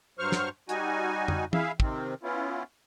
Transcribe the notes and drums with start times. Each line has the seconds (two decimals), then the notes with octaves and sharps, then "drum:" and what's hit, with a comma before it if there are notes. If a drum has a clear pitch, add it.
0.19 G2 F#3 C5 C#6 F6
0.32 drum: snare
0.69 G3 D#4 F#4 G#5, drum: hi-hat
1.28 drum: tom F2
1.53 E4 G#4 E5 F5, drum: tom E3
1.80 C3 D#3 C4, drum: kick
2.23 B3 C#4 E4 F4